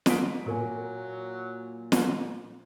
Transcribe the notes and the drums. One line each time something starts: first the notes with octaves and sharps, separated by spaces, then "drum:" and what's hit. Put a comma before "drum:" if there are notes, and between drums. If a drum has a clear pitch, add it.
D#6 B6 D7, drum: snare
A#2 F#3 A#3 G#5
drum: snare